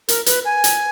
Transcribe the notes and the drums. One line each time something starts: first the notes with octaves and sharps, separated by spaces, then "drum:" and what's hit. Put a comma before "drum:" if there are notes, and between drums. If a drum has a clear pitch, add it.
A#4, drum: hi-hat
B4, drum: hi-hat
G#5
drum: hi-hat